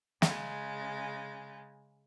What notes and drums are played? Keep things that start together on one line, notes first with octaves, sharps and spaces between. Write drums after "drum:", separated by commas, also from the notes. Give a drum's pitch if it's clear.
C#3 G#3, drum: snare